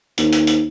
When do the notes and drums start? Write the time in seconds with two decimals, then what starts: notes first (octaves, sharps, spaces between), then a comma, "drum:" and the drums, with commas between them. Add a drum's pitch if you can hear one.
0.18 D#2, drum: hi-hat
0.33 drum: hi-hat
0.47 drum: hi-hat